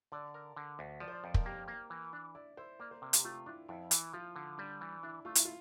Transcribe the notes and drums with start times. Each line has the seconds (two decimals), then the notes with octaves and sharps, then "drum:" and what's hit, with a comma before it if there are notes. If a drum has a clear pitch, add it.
0.12 D3 D5
0.34 A#4
0.57 D3
0.79 D2
1.00 F3 D5
1.08 C5
1.12 D5
1.23 F2 D5
1.34 A#4, drum: kick
1.46 A#3 G4
1.68 A#3
1.90 E3
2.13 D4
2.35 E4 D5
2.57 E4 C5
2.79 A#3 D5
2.91 C5
3.02 C3 A#4
3.13 G4, drum: hi-hat
3.24 A3 F4
3.46 D4 E4
3.68 F2 E4
3.91 E3, drum: hi-hat
4.14 F3 F4
4.36 D3
4.58 G3 D4
4.81 E3
5.03 D4 E4
5.25 A3 F4
5.35 E4, drum: hi-hat
5.45 F4